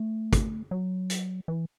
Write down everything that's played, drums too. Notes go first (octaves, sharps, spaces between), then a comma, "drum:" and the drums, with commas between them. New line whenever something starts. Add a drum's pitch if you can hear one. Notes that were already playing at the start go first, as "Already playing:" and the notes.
Already playing: A3
drum: kick, hi-hat
F#3
drum: hi-hat
E3